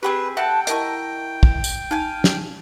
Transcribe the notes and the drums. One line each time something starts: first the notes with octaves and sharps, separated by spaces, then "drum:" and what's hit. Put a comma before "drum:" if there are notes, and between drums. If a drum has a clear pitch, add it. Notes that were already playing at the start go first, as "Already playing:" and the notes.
C4 G4 G#4 B4 G5 B5
A4 E5 F#5 G5 A5 F#6
E4 A#4 D#5 A5 C#6, drum: hi-hat
drum: kick
drum: tambourine
D#4 F5 G#5
drum: snare